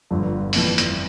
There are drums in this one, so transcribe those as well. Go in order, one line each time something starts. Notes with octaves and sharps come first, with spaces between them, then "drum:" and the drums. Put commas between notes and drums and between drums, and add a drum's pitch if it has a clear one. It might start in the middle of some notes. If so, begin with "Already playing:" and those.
G1 G2 D3 F3
G1 F2 E3, drum: open hi-hat
drum: hi-hat